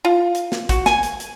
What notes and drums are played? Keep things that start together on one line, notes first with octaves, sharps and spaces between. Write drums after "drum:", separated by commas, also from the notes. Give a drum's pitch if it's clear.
F4
drum: hi-hat
drum: snare
F#4, drum: kick, hi-hat
G#5, drum: snare
drum: hi-hat
drum: hi-hat